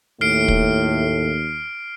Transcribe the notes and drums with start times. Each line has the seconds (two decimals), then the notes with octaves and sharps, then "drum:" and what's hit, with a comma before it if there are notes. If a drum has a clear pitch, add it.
0.21 D#2 A2 A3 F6 C7 D7
0.48 drum: kick